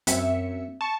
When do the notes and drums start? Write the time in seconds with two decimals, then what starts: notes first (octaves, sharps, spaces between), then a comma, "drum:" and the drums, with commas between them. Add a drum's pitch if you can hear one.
0.07 F#2 C4 E5 C#7, drum: hi-hat
0.81 A5 C#6